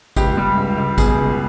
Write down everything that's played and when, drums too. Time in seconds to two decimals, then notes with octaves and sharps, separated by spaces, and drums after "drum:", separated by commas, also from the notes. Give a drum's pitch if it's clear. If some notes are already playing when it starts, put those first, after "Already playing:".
0.16 C#2 G4, drum: kick, tambourine
0.37 G3
0.57 C#2
0.78 C#2
0.98 B2 G#4, drum: kick, tambourine
1.18 C#2